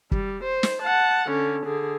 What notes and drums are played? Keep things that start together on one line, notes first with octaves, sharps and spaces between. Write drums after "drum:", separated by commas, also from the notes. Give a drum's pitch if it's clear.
G3, drum: kick
C5
drum: snare
F#5 A5
D3 C#4
D3 G#4